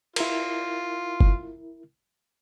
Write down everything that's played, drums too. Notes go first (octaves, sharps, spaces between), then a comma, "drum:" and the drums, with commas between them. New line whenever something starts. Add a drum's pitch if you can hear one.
E4 F4 A#4, drum: cymbal
drum: kick F#1